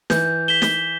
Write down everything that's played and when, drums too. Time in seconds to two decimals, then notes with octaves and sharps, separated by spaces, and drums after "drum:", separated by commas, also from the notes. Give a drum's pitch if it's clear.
0.10 E3 G6, drum: snare
0.48 B6 E7 G7
0.62 drum: snare